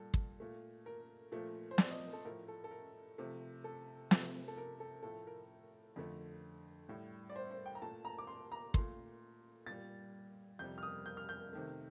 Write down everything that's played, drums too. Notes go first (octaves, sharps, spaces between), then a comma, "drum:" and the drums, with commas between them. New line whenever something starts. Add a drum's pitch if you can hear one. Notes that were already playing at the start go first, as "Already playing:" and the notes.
Already playing: A#2 G3 A4
drum: kick
A#2 A3
A#4
A#2 F3 A3
C5
D5, drum: snare
D#5
A4
A2 F3 A3 A#4
A4
A4
A#4
C3 F3 A3
A4
C3 F3 A3, drum: snare
A4
A#4
A4
A2 F3 A3 A4
A#4
F2 D3 A3
A2 G3
D5
C5
C5
G5
A#5
A#2 A3 A5
A#5
D6
C6
A#5
A#2 A3 C6, drum: kick
A#2 G3 A6
F2 C3 G3 G6
F6
D#6
G6
F6
G6
C3 D#3 A3